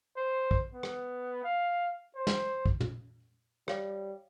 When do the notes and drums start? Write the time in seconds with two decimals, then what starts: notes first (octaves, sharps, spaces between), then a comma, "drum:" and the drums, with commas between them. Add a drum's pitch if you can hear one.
0.17 C5
0.51 drum: kick
0.74 B3
0.83 drum: rim click
1.44 F5
2.16 C5
2.27 drum: snare
2.66 drum: kick
2.80 drum: tom
3.68 G3 C#5 F5, drum: rim click